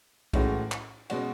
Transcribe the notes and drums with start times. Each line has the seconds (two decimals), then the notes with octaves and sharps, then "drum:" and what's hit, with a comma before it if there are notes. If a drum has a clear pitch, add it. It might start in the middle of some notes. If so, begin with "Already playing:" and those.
0.33 A2 E3 G#3 C#4 F#4, drum: kick B1, cymbal
0.72 drum: clap
1.10 B2 G#3 C#4 F#4, drum: cymbal